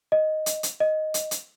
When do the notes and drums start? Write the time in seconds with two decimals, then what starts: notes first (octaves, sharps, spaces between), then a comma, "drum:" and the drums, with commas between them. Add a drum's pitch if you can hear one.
0.12 D#5
0.46 drum: hi-hat
0.63 drum: hi-hat
0.80 D#5
1.14 drum: hi-hat
1.31 drum: hi-hat